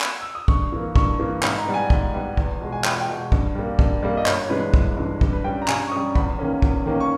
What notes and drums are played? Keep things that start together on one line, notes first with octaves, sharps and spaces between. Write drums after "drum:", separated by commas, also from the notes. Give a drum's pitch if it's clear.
drum: clap
E6
D#6
G2 C#6, drum: kick
E3 A#3
G2 C#6, drum: kick
E3 A#3
G#2 B5, drum: clap
A#5
G3 B3
G#5
G#2, drum: kick
G3 B3
E2, drum: kick
B2 G#3
G#5
E2 G5, drum: clap
G5
B2 G#3
G2, drum: kick
G3 A#3
G2, drum: kick
G3 A#3
D#5
G1 C#5, drum: clap
G2 E3 G#3 B4
G1, drum: kick
G2 E3 G#3
G2, drum: kick
B4
G3 C#4 G5
A#5
G2 G#5, drum: clap
C#6
G3 C#4 D#6
E2 B5, drum: kick
D#3 A#3 C#4
E2, drum: kick
D#3 A#3 C#4
C#6